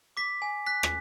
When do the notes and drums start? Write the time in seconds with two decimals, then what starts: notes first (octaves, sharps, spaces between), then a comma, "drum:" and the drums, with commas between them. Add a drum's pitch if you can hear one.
0.17 D6 B6
0.42 G#5
0.66 F#6 B6
0.83 drum: rim click